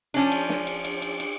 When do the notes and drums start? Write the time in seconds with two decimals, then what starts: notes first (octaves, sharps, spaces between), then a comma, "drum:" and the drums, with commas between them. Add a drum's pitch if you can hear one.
0.14 F3 C#4 D4, drum: cymbal
0.32 drum: cymbal
0.49 drum: snare
0.67 drum: cymbal
0.85 drum: cymbal
1.02 drum: cymbal
1.20 drum: cymbal